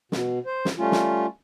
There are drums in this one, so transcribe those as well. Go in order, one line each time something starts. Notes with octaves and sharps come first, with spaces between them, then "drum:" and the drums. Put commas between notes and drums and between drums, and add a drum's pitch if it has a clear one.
B2, drum: snare
C5
drum: snare
G3 A3 C#4 F4
drum: snare